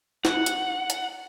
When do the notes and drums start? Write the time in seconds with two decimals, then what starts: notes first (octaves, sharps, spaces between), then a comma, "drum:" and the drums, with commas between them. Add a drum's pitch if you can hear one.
0.25 F#5, drum: snare
0.46 drum: hi-hat
0.90 drum: hi-hat